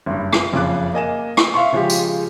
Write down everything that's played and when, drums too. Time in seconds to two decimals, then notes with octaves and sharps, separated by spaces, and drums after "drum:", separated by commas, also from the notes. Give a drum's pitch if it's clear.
0.06 F#1 G2
0.33 drum: rim click
0.52 F#1 F2 C#3 D6 F#6
0.93 A#3 D#5 G#5 E7
1.37 drum: rim click
1.54 E5 F5 C6 C#6
1.73 C#3 F3 G#3 F4 G4
1.90 drum: tambourine